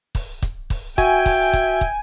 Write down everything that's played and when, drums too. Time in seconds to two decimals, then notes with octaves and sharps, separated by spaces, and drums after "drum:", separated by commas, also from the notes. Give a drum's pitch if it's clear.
0.15 drum: kick, open hi-hat
0.42 drum: kick, hi-hat
0.70 drum: kick, open hi-hat
0.98 F#4 E5 G5 G#5, drum: kick, hi-hat
1.26 drum: kick, open hi-hat
1.53 drum: kick, hi-hat
1.81 drum: kick